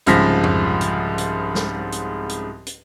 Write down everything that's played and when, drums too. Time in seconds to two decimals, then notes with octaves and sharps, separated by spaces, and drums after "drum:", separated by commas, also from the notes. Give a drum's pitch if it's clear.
0.06 C2 G#2 C#3 F3 A#6 B6, drum: hi-hat
0.44 drum: tom F2
0.81 drum: hi-hat
1.18 drum: hi-hat
1.55 drum: snare
1.92 drum: hi-hat
2.29 drum: hi-hat
2.67 drum: hi-hat